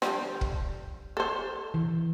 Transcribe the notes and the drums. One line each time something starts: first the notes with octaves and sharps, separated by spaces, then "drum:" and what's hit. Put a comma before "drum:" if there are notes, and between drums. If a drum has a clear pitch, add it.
D3 F3 G3, drum: rim click
drum: kick
A4 C5
E3